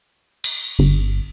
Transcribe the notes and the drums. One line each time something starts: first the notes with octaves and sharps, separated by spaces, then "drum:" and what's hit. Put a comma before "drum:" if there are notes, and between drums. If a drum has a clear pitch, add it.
drum: cymbal
G1